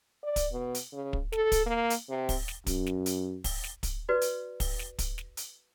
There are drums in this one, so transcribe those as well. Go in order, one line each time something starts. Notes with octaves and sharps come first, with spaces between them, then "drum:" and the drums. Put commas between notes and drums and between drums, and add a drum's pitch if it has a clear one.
D5
drum: kick, hi-hat
B2
drum: hi-hat
C#3
drum: kick
A4, drum: snare
drum: kick, hi-hat
A#3
drum: hi-hat
C3
drum: kick, open hi-hat
drum: snare
F#2, drum: kick, hi-hat
drum: snare
drum: hi-hat
drum: kick, open hi-hat
drum: snare
drum: kick, hi-hat
F#4 B4 D5
drum: hi-hat
drum: kick, open hi-hat
drum: snare
drum: kick, hi-hat
drum: snare
drum: hi-hat